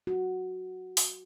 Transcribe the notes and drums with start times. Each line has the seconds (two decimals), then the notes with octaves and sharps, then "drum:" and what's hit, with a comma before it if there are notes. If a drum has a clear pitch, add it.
0.07 F#4
0.97 drum: open hi-hat